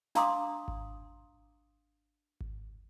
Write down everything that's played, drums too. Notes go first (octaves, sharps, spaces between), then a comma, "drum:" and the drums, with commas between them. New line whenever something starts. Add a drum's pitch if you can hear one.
D4 F5 A#5 C6 D6 D#6, drum: snare
drum: kick G#1
drum: kick G#1